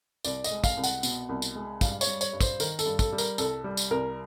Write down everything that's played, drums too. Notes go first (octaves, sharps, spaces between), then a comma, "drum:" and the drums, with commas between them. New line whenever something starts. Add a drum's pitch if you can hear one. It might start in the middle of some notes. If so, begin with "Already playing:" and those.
C2 D5, drum: tambourine
D#5, drum: tambourine
G#3
F5, drum: kick, tambourine
C2
F#5, drum: tambourine
B2, drum: tambourine
C2
drum: tambourine
G#3
G2 F5, drum: kick, tambourine
C#5, drum: tambourine
G3
C#5, drum: tambourine
G2
C5, drum: kick, tambourine
D#3 A#4, drum: tambourine
A4, drum: tambourine
G2
A4, drum: kick, tambourine
G3
A#4, drum: tambourine
C2 A4, drum: tambourine
G3
drum: tambourine
C2 A#4